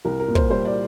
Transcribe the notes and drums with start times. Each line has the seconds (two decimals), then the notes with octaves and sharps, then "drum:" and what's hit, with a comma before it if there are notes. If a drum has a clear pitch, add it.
0.05 C2 A#4
0.20 A#4
0.28 A#2
0.35 C5, drum: kick
0.50 G3 C5
0.65 D5